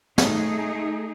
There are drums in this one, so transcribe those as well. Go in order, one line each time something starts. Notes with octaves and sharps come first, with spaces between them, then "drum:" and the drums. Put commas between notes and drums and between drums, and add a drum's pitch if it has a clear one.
A3 D#4 G#4, drum: snare